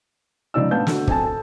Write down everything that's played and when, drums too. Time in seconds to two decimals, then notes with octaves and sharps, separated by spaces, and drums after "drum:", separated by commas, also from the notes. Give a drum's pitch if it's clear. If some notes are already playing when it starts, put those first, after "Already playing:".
0.54 C#2 F3 D#4 D5 E6
0.71 A1 B3 D4 F5 A5 G6
0.87 D2 F#4, drum: snare
1.07 F2 G#5 A5, drum: kick
1.24 A4 A5